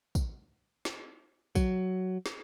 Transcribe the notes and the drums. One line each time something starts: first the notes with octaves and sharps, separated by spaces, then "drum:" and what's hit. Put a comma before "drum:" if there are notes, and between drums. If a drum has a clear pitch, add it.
drum: kick, tambourine
drum: snare
F#3, drum: kick, tambourine
drum: snare